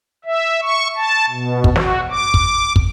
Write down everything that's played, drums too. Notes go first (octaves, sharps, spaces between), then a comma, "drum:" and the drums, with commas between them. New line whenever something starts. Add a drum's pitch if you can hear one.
E5
C#6
A5
B2
drum: kick
F#4, drum: snare
D6
drum: kick
drum: kick